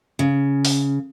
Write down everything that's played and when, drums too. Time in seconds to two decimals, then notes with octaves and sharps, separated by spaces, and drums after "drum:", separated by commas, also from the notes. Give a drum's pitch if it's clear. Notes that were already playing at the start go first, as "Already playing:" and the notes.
0.19 C#3
0.65 drum: open hi-hat